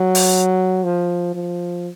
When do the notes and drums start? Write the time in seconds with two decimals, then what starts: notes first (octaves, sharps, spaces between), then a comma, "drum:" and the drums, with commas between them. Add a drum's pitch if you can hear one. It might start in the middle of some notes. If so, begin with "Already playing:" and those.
Already playing: F#3
0.15 drum: open hi-hat
0.84 F3
1.35 F3